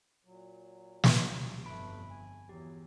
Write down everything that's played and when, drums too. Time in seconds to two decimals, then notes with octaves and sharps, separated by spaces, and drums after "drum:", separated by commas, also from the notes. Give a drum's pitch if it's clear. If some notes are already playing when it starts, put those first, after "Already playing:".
0.25 A#2 F#3
1.04 drum: snare
1.28 D2 G3
1.65 G1 F2 A3 B4 B5 D7
2.10 G#5
2.49 E2 F#3 G4